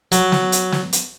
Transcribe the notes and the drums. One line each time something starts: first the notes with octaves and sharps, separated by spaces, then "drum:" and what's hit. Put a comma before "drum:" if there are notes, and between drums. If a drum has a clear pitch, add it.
F#3, drum: hi-hat
drum: snare
drum: hi-hat
drum: snare
drum: hi-hat